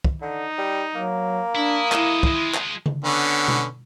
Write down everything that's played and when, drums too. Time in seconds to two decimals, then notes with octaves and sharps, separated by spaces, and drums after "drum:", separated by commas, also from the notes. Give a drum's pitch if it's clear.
0.04 drum: kick
0.22 D3 D#4
0.58 G3
0.95 F#3 A#3
1.55 D4 E4 D#6
1.92 G#3 E4 A4, drum: clap
2.23 drum: kick
2.34 G#3 F4
2.54 drum: clap
2.86 drum: tom C#3
3.04 D3 B3 C#4
3.48 drum: tom B2